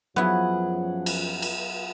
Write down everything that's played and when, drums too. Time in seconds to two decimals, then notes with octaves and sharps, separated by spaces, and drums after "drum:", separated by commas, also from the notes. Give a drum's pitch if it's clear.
0.16 F#2 F3 F#3 B3 E4 G#4 F#5
1.06 drum: cymbal
1.42 drum: cymbal